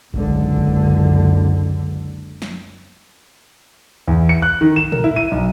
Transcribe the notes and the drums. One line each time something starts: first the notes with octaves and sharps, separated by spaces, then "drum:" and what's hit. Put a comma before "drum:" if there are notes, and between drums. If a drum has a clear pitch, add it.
F#1 C#2 D3, drum: kick A1
drum: kick A1
drum: snare
E2
C#7
F#6
D#3
E7
A#4, drum: tom
E4
D#7
B1